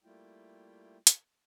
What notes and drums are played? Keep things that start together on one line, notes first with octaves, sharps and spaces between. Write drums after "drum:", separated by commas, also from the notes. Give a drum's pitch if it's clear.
G3 A3 A#3 E4 F4 G5
drum: hi-hat